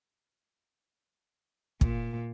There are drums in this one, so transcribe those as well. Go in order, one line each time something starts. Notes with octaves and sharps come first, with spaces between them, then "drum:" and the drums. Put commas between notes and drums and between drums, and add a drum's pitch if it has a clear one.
A#2, drum: kick